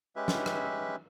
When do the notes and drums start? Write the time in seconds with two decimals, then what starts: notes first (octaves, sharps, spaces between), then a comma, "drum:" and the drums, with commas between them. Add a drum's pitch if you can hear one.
0.16 G#3 C#4 G4 B4 E5
0.28 drum: snare
0.46 drum: rim click